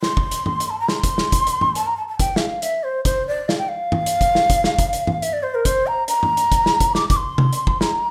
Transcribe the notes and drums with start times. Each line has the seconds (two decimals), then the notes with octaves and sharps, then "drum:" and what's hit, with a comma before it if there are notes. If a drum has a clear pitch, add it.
0.03 C6, drum: snare
0.17 drum: kick
0.31 drum: hi-hat
0.46 drum: tom G2
0.60 drum: hi-hat
0.70 A5
0.80 A#5
0.88 C6, drum: snare
1.04 drum: kick, hi-hat
1.18 drum: snare
1.32 drum: kick, hi-hat
1.47 drum: hi-hat
1.61 drum: tom G2
1.75 A5, drum: hi-hat
1.87 A#5
1.97 A5
2.08 A5
2.19 G5, drum: kick, hi-hat
2.36 E5, drum: snare
2.40 F5
2.62 E5, drum: hi-hat
2.84 C5
3.05 C5, drum: kick, hi-hat
3.27 D5
3.49 F5, drum: snare
3.58 G5
3.69 F5
3.92 drum: tom G2
4.06 drum: hi-hat
4.21 drum: kick, hi-hat
4.35 drum: snare
4.50 drum: kick, hi-hat
4.64 drum: snare
4.79 drum: kick, hi-hat
4.93 drum: hi-hat
5.07 drum: tom G2
5.22 E5, drum: hi-hat
5.33 D5
5.43 C5
5.55 A#4
5.65 C5, drum: kick, hi-hat
5.87 A#5
6.08 A#5, drum: hi-hat
6.23 drum: tom G2
6.37 drum: hi-hat
6.52 drum: kick, hi-hat
6.66 drum: snare
6.80 drum: kick, hi-hat
6.95 D6, drum: snare
7.10 D6, drum: kick, hi-hat
7.16 C6
7.38 drum: tom C3
7.53 drum: hi-hat
7.67 drum: kick
7.81 A#5, drum: snare